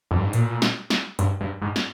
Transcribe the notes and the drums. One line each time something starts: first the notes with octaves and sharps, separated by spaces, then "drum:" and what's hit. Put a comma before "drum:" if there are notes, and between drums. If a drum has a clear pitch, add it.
F2
G2
G#2
A#2, drum: hi-hat
drum: snare
drum: snare
G2, drum: hi-hat
G2
G#2
drum: snare